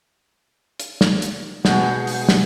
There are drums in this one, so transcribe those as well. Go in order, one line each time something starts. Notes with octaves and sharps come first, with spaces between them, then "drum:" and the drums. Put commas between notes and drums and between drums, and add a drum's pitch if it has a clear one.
drum: hi-hat
drum: snare
drum: hi-hat
B2 G#3 G#4 F#5 G6, drum: snare
drum: open hi-hat
drum: snare